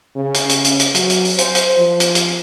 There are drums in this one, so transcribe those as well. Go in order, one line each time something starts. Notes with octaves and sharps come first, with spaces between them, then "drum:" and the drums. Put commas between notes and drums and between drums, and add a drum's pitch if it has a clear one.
C#3
drum: hi-hat
drum: hi-hat
drum: hi-hat
drum: hi-hat
F#3, drum: hi-hat
drum: hi-hat
drum: open hi-hat
C5, drum: hi-hat
drum: hi-hat
F3
drum: hi-hat
drum: hi-hat